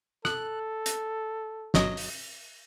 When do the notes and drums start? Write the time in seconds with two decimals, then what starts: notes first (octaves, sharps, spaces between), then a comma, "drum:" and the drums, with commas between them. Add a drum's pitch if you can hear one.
0.25 A4 F#6, drum: rim click
0.86 drum: hi-hat
1.74 G1 F#3 D#5, drum: snare
1.97 drum: open hi-hat